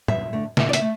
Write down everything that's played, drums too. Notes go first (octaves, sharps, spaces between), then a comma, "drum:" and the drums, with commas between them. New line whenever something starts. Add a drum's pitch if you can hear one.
E2 E5, drum: tom
D3 A3
A#2 E5, drum: snare
D5
E5, drum: hi-hat
A3